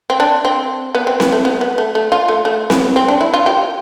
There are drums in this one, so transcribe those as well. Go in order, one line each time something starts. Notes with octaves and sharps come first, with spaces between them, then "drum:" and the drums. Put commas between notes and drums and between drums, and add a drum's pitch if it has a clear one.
C4
D4
C4
B3
C4
B3, drum: snare C4
A3
B3
B3
A3
A3
F4
A3
A3
B3, drum: snare C4
C4
D4
E4
F4
G4